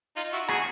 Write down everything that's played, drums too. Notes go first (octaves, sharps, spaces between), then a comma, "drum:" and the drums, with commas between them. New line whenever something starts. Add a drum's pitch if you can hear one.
D#4 F4, drum: hi-hat
E4 F#4
F#4 G#4, drum: rim click